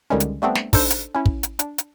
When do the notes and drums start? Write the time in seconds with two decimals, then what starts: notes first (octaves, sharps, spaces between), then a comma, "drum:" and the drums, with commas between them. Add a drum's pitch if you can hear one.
0.10 C#2 D3 D#3 G3 G#3 C#4
0.20 drum: hi-hat
0.42 G3 A3 B3 C4 D4
0.55 drum: snare
0.73 D4 D#4 A4 C5, drum: kick, open hi-hat
0.90 drum: hi-hat
1.15 C#4 E4
1.26 drum: kick
1.43 drum: hi-hat
1.59 D4, drum: hi-hat
1.78 drum: hi-hat